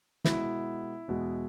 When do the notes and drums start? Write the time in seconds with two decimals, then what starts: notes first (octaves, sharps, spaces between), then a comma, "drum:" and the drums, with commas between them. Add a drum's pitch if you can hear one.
0.24 B2 G#3 B3 E4, drum: snare
1.08 E2 B2 G#3 B3